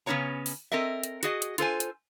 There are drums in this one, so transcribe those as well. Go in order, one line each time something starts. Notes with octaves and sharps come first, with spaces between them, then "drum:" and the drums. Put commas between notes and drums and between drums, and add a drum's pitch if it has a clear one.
C#3 B3 C#4 F4 C#5 A#5
drum: open hi-hat
C4 A4 A#4 D#5 E5
drum: hi-hat
F#4 G#4 D#5, drum: hi-hat
drum: hi-hat
F4 A4 C5 G#5, drum: hi-hat
drum: hi-hat